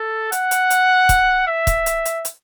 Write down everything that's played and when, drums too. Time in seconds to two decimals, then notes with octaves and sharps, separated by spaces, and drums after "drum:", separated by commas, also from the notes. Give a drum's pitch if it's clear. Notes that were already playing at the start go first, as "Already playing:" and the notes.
Already playing: A4
0.32 F#5, drum: hi-hat
0.51 drum: hi-hat
0.70 drum: hi-hat
1.09 drum: kick, hi-hat
1.47 E5
1.67 drum: kick, hi-hat
1.86 drum: hi-hat
2.05 drum: hi-hat
2.25 drum: hi-hat